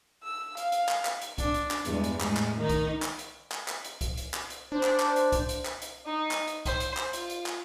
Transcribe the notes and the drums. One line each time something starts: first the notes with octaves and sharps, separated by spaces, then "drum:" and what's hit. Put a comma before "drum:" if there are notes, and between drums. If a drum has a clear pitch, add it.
E6
F5, drum: hi-hat
drum: hi-hat
drum: clap
drum: clap
drum: hi-hat
D4, drum: kick C2, hi-hat
drum: hi-hat
drum: clap
E2 G2 G#3, drum: hi-hat
drum: hi-hat
A2 G#3, drum: clap
drum: clap
D#3 D#4
drum: kick C2, hi-hat
drum: clap
drum: hi-hat
drum: clap
drum: clap
drum: hi-hat
drum: kick C2, hi-hat
drum: hi-hat
drum: clap
drum: hi-hat
D4 C5
drum: clap
drum: clap
drum: hi-hat
drum: kick C2, hi-hat
drum: hi-hat
drum: clap
drum: hi-hat
D#4
drum: clap
drum: hi-hat
C5, drum: kick C2, hi-hat
drum: hi-hat
drum: clap
F4, drum: hi-hat
drum: hi-hat
drum: clap